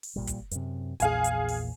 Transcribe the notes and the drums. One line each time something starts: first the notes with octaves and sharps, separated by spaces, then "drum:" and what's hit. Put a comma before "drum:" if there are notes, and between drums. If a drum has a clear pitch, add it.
drum: open hi-hat
A#1 A#2 G3
drum: kick, hi-hat
F#2 C3, drum: hi-hat
A#1 E2 A#2 G#4 F5 G#5, drum: hi-hat
drum: hi-hat
drum: open hi-hat